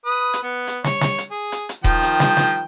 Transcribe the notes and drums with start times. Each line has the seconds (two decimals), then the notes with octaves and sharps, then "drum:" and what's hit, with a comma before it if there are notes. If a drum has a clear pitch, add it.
0.05 B4 D#6
0.34 drum: hi-hat
0.43 B3
0.67 drum: hi-hat
0.84 C#5, drum: snare
1.01 drum: snare
1.18 drum: hi-hat
1.31 G#4
1.52 drum: hi-hat
1.69 drum: hi-hat
1.84 D#3 F3 G5, drum: kick D#1, hi-hat
2.03 drum: hi-hat
2.20 drum: snare
2.37 drum: snare